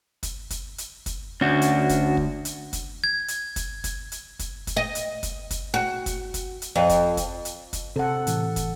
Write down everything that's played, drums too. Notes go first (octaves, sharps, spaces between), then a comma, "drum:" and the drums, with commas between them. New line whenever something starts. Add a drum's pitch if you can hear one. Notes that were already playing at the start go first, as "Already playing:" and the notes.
drum: kick, hi-hat
drum: kick, hi-hat
drum: hi-hat
drum: kick, hi-hat
D2 C#4 D4 F#4
drum: hi-hat
drum: kick, hi-hat
drum: kick
drum: hi-hat
drum: kick, hi-hat
G#6
drum: hi-hat
drum: kick, hi-hat
drum: kick, hi-hat
drum: hi-hat
drum: kick, hi-hat
drum: kick, hi-hat
D#5
drum: hi-hat
drum: kick, hi-hat
drum: kick, hi-hat
F#4
drum: kick, hi-hat
drum: kick, hi-hat
drum: hi-hat
F2
drum: kick, hi-hat
drum: kick, hi-hat
drum: hi-hat
drum: kick, hi-hat
C3 A4 F#5
A2 E3, drum: hi-hat
drum: kick, hi-hat